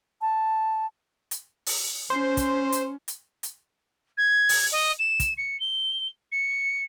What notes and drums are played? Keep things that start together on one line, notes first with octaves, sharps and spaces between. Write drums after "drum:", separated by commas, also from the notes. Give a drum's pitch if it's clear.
A5
drum: hi-hat
drum: open hi-hat
C#4 C5
drum: kick, hi-hat
drum: hi-hat
drum: hi-hat
drum: hi-hat
G#6
drum: open hi-hat
D#5
E7
drum: kick, hi-hat
C#7
G7
C#7